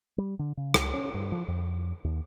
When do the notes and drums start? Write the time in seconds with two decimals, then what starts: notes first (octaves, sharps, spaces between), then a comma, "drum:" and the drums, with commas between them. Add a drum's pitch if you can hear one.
0.18 G3
0.39 D3
0.57 C#3
0.74 C#2, drum: rim click
0.94 C#4
1.14 G2
1.32 F3
1.48 F2
2.04 D#2